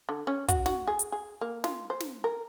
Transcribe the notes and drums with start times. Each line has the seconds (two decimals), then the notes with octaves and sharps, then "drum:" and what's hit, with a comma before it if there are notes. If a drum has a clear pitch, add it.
0.09 D3
0.27 C#4
0.48 F#4, drum: kick, hi-hat
0.66 F#4, drum: snare
0.87 G#4
0.99 drum: hi-hat
1.12 G#4
1.41 A#3
1.64 F4, drum: snare
1.90 C5
2.00 drum: snare
2.24 A#4